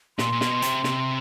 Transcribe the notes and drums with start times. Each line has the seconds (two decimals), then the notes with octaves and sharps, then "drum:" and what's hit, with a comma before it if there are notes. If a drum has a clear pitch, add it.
0.18 A#2 C6, drum: snare
0.32 A#2
0.41 B2, drum: snare
0.62 C3, drum: hi-hat
0.84 C3, drum: snare